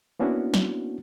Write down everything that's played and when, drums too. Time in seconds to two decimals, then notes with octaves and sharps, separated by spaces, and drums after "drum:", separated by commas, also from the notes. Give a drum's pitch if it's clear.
0.20 A#3 B3 C#4 D4 E4 F#4
0.54 drum: snare